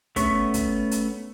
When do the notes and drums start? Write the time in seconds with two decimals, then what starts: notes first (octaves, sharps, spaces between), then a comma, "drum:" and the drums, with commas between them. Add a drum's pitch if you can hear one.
0.16 A3 B3 C#4 C#6, drum: kick, hi-hat
0.54 drum: kick, hi-hat
0.91 drum: hi-hat